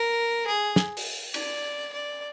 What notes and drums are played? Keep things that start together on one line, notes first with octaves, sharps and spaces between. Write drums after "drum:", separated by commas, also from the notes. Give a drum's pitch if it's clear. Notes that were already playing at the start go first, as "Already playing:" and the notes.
Already playing: A#4
G#4
drum: snare
drum: open hi-hat
D5, drum: cymbal
D5